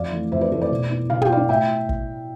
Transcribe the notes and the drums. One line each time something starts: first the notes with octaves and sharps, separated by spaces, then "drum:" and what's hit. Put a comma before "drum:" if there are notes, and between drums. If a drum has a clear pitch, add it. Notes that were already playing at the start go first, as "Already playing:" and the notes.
Already playing: F2 D5 F5
E3 A3
F2 C5 E5
B4 D5
E3 A3 A4 C5
B4 D5
B2
B3 E4
B2 F5
G5, drum: tom
B3 E4 D5 F5
A2 E5 G5
drum: kick